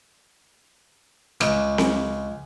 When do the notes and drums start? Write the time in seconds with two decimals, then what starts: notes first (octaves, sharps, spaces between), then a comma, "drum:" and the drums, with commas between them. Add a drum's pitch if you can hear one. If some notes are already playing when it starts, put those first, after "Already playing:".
1.41 C#2, drum: rim click
1.78 drum: snare C4